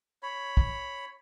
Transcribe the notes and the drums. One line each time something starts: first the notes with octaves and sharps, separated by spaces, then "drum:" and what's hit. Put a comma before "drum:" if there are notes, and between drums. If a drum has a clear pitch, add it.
C#5 B5
drum: kick